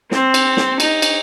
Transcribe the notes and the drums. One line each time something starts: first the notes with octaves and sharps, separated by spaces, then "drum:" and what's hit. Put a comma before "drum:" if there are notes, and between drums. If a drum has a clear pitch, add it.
C4, drum: snare
drum: cymbal
drum: snare
D#4, drum: cymbal
drum: cymbal